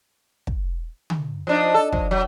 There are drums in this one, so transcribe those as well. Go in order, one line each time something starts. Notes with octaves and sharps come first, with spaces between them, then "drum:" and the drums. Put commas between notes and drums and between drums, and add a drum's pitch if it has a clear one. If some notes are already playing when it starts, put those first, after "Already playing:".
drum: kick
drum: tom D3
F3 D4 D#4
A4
F3, drum: kick
F#3